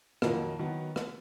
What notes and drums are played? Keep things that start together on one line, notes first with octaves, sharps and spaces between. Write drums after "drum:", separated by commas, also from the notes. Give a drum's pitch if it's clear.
F2 A#2 D#3 F#3 A#3, drum: rim click
D#3 F#3 B3
drum: rim click